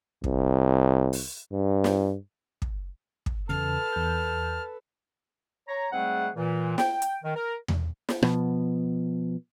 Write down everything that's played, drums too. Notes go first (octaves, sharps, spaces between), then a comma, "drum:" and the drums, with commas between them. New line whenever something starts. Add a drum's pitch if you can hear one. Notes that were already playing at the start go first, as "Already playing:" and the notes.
C2, drum: kick
drum: open hi-hat
G2
drum: snare
drum: kick
drum: kick
E2 C#3 A4 B4 A5 F6
E2 G6
C#5 A#5
G#2 G3 A3 C4 G#4 F#5
A#2 E3
G5, drum: snare
drum: hi-hat
D#3
A#4
drum: tom E2
drum: snare
B2 F3 B3, drum: rim click